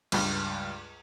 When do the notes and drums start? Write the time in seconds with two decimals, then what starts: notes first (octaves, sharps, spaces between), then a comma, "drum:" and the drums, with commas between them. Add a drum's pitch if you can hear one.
0.12 C#2 G2, drum: cymbal